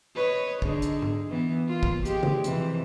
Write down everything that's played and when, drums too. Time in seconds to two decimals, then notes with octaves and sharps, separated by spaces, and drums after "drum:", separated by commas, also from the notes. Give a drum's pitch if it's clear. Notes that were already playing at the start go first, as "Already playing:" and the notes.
0.16 B4 C#5 D#5
0.62 D3 D#4 G#4, drum: kick
0.82 drum: hi-hat
1.02 drum: tom G#2
1.30 E3 B3
1.66 A#3 F4
1.83 drum: kick
2.05 G#3 G4, drum: hi-hat
2.23 drum: tom C#3
2.44 F2 C3 E3, drum: hi-hat